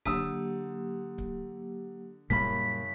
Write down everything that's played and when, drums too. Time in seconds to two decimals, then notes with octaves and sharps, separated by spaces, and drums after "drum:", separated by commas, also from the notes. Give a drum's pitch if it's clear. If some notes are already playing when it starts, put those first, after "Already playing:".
0.05 D3 F#3 A#3 G4 D#6 E6, drum: kick C#1
1.18 drum: kick C#1
2.30 F#1 A#2 G3 A#3 B5 B6, drum: kick C#1